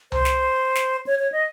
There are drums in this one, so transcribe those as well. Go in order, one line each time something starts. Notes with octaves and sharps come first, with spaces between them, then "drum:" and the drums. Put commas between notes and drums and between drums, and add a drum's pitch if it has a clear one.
C5, drum: tom C2
drum: snare
drum: snare
C#5
C#5
D#5